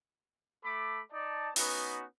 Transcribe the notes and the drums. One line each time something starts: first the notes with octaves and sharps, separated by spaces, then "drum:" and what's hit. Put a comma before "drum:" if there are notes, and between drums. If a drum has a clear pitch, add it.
A3 A4 B5 D6
D#4 D5 A5
B3 C#4 D#4 F#4 B4, drum: open hi-hat